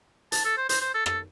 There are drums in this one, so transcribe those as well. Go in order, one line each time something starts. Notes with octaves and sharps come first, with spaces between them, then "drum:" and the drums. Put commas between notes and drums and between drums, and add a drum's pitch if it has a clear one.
A5, drum: hi-hat
A4
C5
C5, drum: hi-hat
C5
A4
A4, drum: rim click